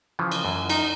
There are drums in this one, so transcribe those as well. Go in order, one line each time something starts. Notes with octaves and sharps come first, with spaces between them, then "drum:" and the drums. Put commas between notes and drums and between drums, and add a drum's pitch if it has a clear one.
C#3 E3 F3
drum: cymbal
F#2
D#4, drum: cymbal